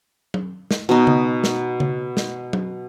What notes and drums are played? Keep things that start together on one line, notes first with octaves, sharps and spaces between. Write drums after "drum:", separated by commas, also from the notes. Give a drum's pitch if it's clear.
drum: tom F#3
drum: snare
B2 D#4
drum: tom C#3
drum: snare
drum: tom C#3
drum: snare
drum: tom F#3